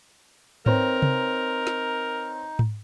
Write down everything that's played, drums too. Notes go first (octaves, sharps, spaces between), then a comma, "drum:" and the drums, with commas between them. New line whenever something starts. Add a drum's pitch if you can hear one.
C4 D#4 A#4 B4 C#5, drum: tom G#2
drum: tom C3
drum: snare
drum: tom G#2